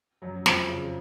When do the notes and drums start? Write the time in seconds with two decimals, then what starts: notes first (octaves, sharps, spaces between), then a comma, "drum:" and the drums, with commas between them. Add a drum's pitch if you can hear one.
0.22 F#2 F#3
0.35 F#3
0.46 F2 F3, drum: snare
0.68 C#3
0.81 C#3